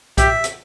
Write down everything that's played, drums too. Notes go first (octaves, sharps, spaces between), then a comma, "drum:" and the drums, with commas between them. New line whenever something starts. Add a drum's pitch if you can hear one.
G4 E5, drum: kick B1, hi-hat
drum: hi-hat